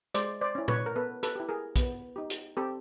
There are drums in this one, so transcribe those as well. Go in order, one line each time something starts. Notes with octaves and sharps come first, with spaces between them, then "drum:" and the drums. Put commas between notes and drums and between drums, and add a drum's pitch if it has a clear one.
G#3 C5 D5, drum: hi-hat
C5 D5
C#4 E4
B4 C#5, drum: tom
A#4
B3 A4 B4
A4 B4, drum: hi-hat
E4 G4
G#4 A#4
B3, drum: kick, hi-hat
D#4 G4
drum: hi-hat
C4 G4 A4